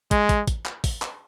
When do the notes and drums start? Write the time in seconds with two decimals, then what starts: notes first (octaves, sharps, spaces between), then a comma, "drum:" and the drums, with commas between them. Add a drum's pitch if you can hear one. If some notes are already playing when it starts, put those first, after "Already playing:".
0.11 G#3, drum: kick, hi-hat
0.29 drum: kick, hi-hat
0.47 drum: kick, hi-hat
0.66 drum: clap
0.84 drum: kick, open hi-hat
1.02 drum: clap